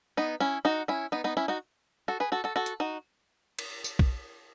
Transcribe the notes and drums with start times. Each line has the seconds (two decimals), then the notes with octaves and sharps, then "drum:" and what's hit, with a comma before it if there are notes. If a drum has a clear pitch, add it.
0.17 B3 D#4
0.40 C#4 E4
0.65 D#4 F#4
0.88 C#4 E4
1.12 B3 D#4
1.24 B3 D#4
1.37 C#4 E4
1.48 D#4 F#4
2.08 F#4 A4
2.20 G#4 B4
2.32 F#4 A4
2.44 F#4 A4
2.56 F#4 A4
2.66 drum: hi-hat
2.80 D#4 F#4
3.59 drum: cymbal
3.84 drum: tambourine
3.99 drum: kick